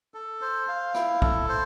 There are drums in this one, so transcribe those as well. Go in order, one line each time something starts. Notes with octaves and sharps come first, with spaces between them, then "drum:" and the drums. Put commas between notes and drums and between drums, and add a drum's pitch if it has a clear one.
A4
C5
F5
E4, drum: rim click
A4, drum: kick B1
C5